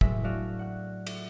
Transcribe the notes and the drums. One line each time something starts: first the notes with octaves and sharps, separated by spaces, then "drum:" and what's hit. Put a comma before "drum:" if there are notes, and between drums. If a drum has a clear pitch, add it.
C#2 A2 F#3 G#3 E5 B6, drum: kick
F#3 A3 D4 F#4 D5 F5
F#5 F#6
E5, drum: cymbal